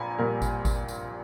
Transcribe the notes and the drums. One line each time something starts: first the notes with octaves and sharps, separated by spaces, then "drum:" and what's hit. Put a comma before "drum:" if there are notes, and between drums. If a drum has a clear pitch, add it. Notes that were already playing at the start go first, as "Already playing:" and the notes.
Already playing: A#1 A#2 G#5 A#5 B5
A#1 A#2 G3 A#4
drum: kick G#1, tambourine
drum: kick G#1, tambourine
drum: tambourine